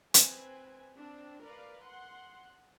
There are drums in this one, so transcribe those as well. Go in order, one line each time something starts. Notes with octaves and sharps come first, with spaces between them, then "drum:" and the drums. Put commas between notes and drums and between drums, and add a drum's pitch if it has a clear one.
C4 B4 G#5, drum: hi-hat
C4 D4
A#4 B4 D5 F5
F#5 C6